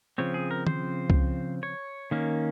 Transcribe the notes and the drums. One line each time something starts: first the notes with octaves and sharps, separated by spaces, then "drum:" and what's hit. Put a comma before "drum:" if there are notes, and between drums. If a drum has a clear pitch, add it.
C#3 F3 C4 C#5
G#4
A#4
C5, drum: tom
drum: kick C#2
C#5
D#3 A#3 C#4